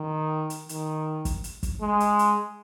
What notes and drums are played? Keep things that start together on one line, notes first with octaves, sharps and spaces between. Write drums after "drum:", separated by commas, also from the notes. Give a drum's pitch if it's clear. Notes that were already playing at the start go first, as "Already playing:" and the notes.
Already playing: D#3
drum: hi-hat
D#3, drum: hi-hat
drum: kick, hi-hat
drum: hi-hat
drum: kick, hi-hat
G#3
drum: hi-hat
drum: hi-hat